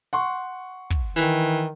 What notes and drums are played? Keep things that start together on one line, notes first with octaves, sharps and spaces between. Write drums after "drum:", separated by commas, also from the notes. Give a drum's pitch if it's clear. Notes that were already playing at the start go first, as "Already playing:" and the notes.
F#5 C6 C#6
drum: kick
D#3 E3